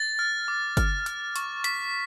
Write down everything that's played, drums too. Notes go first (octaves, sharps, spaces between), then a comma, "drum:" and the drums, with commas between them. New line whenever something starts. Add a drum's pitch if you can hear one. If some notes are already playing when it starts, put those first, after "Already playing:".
Already playing: A6
F6
D6
F6, drum: kick G1, hi-hat
F6, drum: hi-hat
C#6, drum: hi-hat
C#6 B6, drum: hi-hat